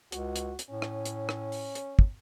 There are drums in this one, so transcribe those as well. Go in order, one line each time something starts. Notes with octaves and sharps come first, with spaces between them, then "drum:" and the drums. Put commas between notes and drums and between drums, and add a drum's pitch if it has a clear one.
C#2 F#4, drum: hi-hat
drum: hi-hat
drum: hi-hat
A2 C#4
drum: rim click
drum: hi-hat
drum: rim click
drum: open hi-hat
drum: hi-hat
drum: kick